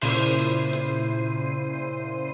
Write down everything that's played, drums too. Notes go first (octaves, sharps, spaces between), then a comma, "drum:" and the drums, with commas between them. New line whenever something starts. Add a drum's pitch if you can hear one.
A#2 C#3 E4 C5 C7 D#7, drum: cymbal
drum: hi-hat